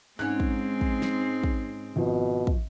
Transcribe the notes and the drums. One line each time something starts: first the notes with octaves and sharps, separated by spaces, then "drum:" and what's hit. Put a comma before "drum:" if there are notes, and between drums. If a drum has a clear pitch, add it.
G#2 G#3 C4 C#4 F#6
drum: kick
drum: kick
drum: snare
drum: kick
G#1 B2 F3
drum: kick